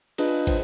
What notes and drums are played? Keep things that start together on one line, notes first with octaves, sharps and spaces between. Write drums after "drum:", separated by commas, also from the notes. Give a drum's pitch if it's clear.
D4 F4 G#4 B4 D#5, drum: cymbal
C5, drum: kick, cymbal